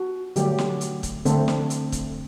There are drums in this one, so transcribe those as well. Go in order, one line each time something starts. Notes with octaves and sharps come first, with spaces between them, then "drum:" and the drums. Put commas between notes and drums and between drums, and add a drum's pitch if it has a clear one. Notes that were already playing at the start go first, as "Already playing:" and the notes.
Already playing: F#4
D3 F#3 A3 G4, drum: hi-hat
drum: snare
drum: hi-hat
drum: kick, hi-hat
D3 A3 C4 A4, drum: hi-hat
drum: snare
drum: hi-hat
drum: kick, hi-hat